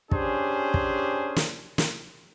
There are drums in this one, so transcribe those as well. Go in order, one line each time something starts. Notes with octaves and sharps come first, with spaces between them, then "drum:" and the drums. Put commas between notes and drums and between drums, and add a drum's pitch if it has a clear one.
C#4 D4 G4 G#4 C5, drum: kick
drum: kick
drum: snare
drum: snare